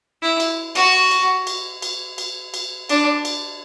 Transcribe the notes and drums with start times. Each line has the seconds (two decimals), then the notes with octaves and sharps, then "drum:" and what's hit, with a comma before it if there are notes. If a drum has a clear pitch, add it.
0.22 E4
0.40 drum: cymbal
0.75 F#4, drum: cymbal
1.11 drum: cymbal
1.47 drum: cymbal
1.82 drum: cymbal
2.18 drum: cymbal
2.54 drum: cymbal
2.89 D4, drum: cymbal
3.25 drum: cymbal